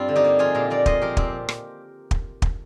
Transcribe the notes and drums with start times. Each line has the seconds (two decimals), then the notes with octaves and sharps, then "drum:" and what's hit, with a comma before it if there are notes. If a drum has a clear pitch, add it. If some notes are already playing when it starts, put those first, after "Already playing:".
Already playing: G2 G3 C4 F4
0.08 D3
0.16 D#4 G4
0.25 A#3
0.39 F3 F4 G#4
0.55 A#2 G4 A#4
0.70 A#2 A#4 D5
0.86 G#3 C5 D#5, drum: kick
1.02 F3 G4 A#4
1.17 A#2 C4, drum: kick
1.49 drum: rim click
2.11 drum: kick
2.42 drum: kick